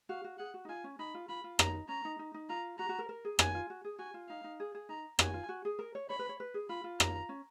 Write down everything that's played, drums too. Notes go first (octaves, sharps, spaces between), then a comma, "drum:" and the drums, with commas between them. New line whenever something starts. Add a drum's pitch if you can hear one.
F#4 F5
F#4
G#4 F#5
F#4
D#4
F4 G#5
C#4
D#4 B5
F4
F4 B5
F4
D#4 A#5, drum: rim click
C#4 A#5
D#4
D#4
D#4
F4 A#5
F#4 A#5
F#4
A#4
A#4
G#4
F#4 G#5, drum: rim click
F4
F#4
G#4
F#4 G#5
F4
D#4 F5
D#4
G#4
G#4
D#4 A#5
F#4 G#5, drum: rim click
F4
F#4
G#4
A#4
C#5
C#5 B5
B4
C#5
B4
G#4
F4 B5
F4
A#5, drum: rim click
C#4